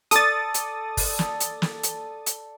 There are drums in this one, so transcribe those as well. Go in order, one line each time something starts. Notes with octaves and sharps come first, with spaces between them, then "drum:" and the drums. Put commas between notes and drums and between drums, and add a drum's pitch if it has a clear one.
A4 D5 D#6 A6, drum: hi-hat
drum: hi-hat
drum: kick, open hi-hat
drum: snare
drum: hi-hat
drum: snare
drum: hi-hat
drum: hi-hat